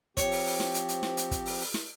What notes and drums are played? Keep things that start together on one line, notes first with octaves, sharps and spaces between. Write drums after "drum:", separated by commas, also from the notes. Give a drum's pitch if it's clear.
F3 C4 G4 C#5, drum: kick, hi-hat
drum: open hi-hat
drum: open hi-hat
drum: snare
drum: hi-hat
drum: hi-hat
drum: snare
drum: hi-hat
drum: kick, hi-hat
drum: open hi-hat
drum: open hi-hat
drum: snare